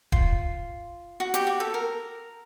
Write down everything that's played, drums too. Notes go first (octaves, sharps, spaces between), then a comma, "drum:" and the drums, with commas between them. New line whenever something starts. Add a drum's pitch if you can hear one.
F4, drum: kick D#1
F#4
G4, drum: hi-hat
F#4
A4
A#4